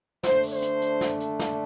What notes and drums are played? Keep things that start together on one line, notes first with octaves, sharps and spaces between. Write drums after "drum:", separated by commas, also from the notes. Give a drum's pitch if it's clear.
D3 A3 D4 C5, drum: snare
drum: open hi-hat
C5
drum: hi-hat
drum: hi-hat
drum: snare
drum: hi-hat
drum: snare